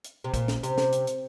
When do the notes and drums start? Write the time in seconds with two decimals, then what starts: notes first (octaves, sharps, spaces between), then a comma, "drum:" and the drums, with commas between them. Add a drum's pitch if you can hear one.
0.04 drum: hi-hat
0.24 C3
0.34 A#2, drum: kick, hi-hat
0.48 drum: snare
0.63 C3, drum: hi-hat
0.78 drum: snare
0.92 drum: hi-hat
1.07 drum: hi-hat